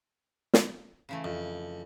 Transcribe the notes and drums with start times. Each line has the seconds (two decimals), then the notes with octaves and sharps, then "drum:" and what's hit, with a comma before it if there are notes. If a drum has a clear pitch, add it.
0.54 drum: snare
1.09 C#3 E3 A3
1.24 F2